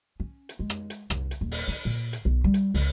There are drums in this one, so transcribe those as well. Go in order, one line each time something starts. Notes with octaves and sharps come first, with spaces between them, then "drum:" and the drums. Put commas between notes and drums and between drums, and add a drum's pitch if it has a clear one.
C#4
drum: hi-hat
G#3
drum: rim click
drum: hi-hat
C2, drum: rim click
drum: hi-hat
D#1
drum: open hi-hat
D4
A#2
drum: hi-hat
B1
G3
drum: hi-hat
C#2, drum: open hi-hat